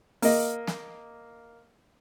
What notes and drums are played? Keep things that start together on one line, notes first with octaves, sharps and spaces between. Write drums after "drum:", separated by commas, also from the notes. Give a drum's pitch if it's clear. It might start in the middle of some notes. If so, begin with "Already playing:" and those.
A#3 D#5, drum: open hi-hat
drum: snare